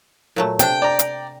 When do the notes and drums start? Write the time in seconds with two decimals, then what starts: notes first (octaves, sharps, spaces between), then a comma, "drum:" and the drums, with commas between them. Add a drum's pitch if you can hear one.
0.36 A#2 F#3 A3
0.59 C3 D4 G5, drum: hi-hat
0.82 D5 A#5
0.99 drum: hi-hat